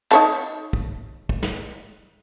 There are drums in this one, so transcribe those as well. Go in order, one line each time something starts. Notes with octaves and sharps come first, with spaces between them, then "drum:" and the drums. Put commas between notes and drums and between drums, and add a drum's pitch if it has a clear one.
D#4 C#5 A5, drum: clap
drum: kick
drum: kick
drum: snare